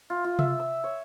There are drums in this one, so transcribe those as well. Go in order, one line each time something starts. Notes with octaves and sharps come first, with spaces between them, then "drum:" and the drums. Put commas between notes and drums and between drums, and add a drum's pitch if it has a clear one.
F4
F4
E5, drum: tom C3
E6
C#5